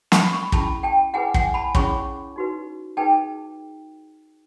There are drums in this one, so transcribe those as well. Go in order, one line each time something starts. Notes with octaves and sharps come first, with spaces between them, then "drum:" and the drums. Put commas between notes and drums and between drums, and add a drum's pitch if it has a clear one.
B5 C#6, drum: snare
B5 C#6
C#4 E4 G#4 A5 B5, drum: kick
G5 A5
E4 G#4 B4 F#5 G#5
F#5 G#5, drum: kick
A5 B5
C#4 E4 G#4 C#5 B5 C#6, drum: kick
D#4 F#4 B4
D#4 G#4 B4 G5 A5